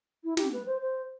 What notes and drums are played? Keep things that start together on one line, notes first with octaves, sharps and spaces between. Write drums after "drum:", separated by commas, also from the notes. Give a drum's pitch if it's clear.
E4
G4, drum: snare
B4
C5
C5